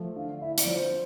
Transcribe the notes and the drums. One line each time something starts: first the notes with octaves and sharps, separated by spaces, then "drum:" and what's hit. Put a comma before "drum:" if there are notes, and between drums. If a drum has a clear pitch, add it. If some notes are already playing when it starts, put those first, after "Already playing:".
Already playing: F3 A3
D3 F5
E4 E5
D5, drum: hi-hat
F3
C5